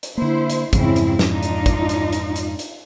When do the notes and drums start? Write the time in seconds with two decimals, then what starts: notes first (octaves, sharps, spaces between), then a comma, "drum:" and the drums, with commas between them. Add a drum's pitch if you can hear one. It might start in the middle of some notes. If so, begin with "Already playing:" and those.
0.03 drum: hi-hat
0.18 D3 A#3 E4 C5
0.50 drum: hi-hat
0.73 F2 G#2 C#3 E3 C4 E4, drum: kick, hi-hat
0.96 drum: hi-hat
1.19 drum: snare
1.30 D4 D#4 F4
1.43 drum: hi-hat
1.66 drum: kick, hi-hat
1.89 drum: hi-hat
2.12 drum: hi-hat
2.36 drum: hi-hat
2.59 drum: hi-hat